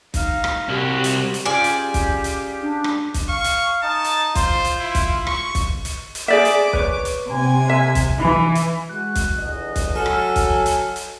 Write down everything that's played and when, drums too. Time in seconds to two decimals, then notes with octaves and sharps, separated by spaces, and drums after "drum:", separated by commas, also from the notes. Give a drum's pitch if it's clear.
0.14 D#4 F5, drum: kick, hi-hat
0.44 drum: rim click
0.69 C2 F#4 G4
1.04 drum: hi-hat
1.34 drum: hi-hat
1.45 G3 C#4 F4 G4 G#4 D5 G#5
1.64 drum: hi-hat
1.94 drum: kick, hi-hat
2.24 drum: hi-hat
2.62 D4
2.84 drum: rim click
3.14 drum: kick, hi-hat
3.29 F5 C#6
3.44 drum: hi-hat
3.83 D#4 A5
4.05 drum: hi-hat
4.35 F4 C5, drum: kick, hi-hat
4.65 drum: hi-hat
4.79 E4
4.95 drum: kick, hi-hat
5.27 C#6, drum: rim click
5.55 drum: kick, hi-hat
5.85 drum: hi-hat
6.15 drum: hi-hat
6.28 G#4 D5 E5 D6
6.45 drum: hi-hat
6.73 B4 C#5, drum: kick
7.05 drum: hi-hat
7.28 C3 G#5
7.69 E5
7.95 drum: kick, hi-hat
8.18 E3
8.55 drum: hi-hat
8.89 G#3 F#4 F#6
9.15 drum: kick, hi-hat
9.37 G1 E2 D#5
9.76 drum: kick, hi-hat
9.96 F#3 A4 G#5 F6
10.06 drum: rim click
10.36 drum: kick, hi-hat
10.66 drum: hi-hat
10.96 drum: hi-hat